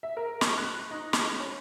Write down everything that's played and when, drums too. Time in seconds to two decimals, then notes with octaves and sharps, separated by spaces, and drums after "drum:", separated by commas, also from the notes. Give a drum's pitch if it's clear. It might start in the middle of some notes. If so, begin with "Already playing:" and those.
0.03 E5
0.17 A#4
0.41 C#6, drum: snare
0.58 F#6
0.91 D#4
1.13 C#6, drum: snare
1.40 C#4